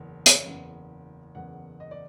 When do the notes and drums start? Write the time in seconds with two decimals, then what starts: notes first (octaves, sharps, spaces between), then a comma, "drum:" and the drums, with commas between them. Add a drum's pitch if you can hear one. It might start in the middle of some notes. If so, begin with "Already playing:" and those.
Already playing: F#1 E2
0.26 drum: hi-hat
0.45 F#1 E2 C#3
1.35 F#1 E2 C#3 F#5
1.80 D#5
1.91 D5